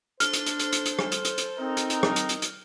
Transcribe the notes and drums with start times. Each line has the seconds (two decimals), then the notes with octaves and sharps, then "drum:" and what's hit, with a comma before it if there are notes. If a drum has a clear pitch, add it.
0.20 D4 A4 C5 F6, drum: hi-hat
0.33 drum: hi-hat
0.46 drum: hi-hat
0.59 drum: hi-hat
0.72 drum: hi-hat
0.86 drum: hi-hat
0.99 drum: rim click
1.12 drum: hi-hat
1.25 drum: hi-hat
1.38 drum: hi-hat
1.58 C4 D#4 A#4
1.77 drum: hi-hat
1.90 drum: hi-hat
2.03 drum: rim click
2.16 drum: hi-hat
2.29 drum: hi-hat
2.42 drum: hi-hat